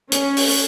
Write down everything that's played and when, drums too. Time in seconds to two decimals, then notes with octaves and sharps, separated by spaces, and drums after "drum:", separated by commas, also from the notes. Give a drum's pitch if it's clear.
0.12 C#4, drum: hi-hat
0.37 drum: open hi-hat